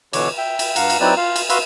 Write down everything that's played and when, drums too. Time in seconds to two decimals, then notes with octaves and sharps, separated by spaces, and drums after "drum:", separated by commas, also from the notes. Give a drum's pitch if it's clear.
0.13 B2 D3 E3 C#5 D6, drum: cymbal
0.38 E5 G5
0.59 drum: cymbal
0.76 G2 F5 F#5 A#5, drum: cymbal
0.90 drum: cymbal
1.00 F#3 C4 D#4 E4 B4 D5
1.17 F4 F5
1.36 drum: cymbal
1.50 F#4 B4 F5 B5 C6 E6, drum: cymbal